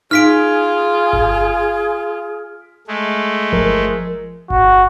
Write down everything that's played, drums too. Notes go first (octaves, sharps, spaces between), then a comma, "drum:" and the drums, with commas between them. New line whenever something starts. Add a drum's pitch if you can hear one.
D#4 F4 G#4 F6 B6 D7
drum: kick G1
G#3 A3
F3 A#4, drum: kick G1
F#4, drum: kick G1